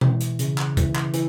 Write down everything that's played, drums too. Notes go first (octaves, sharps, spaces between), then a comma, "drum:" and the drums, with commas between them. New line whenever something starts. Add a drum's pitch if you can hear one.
E3, drum: tom B2
drum: hi-hat
C#3, drum: hi-hat
drum: clap
E3, drum: kick C2, hi-hat
drum: clap
E3, drum: hi-hat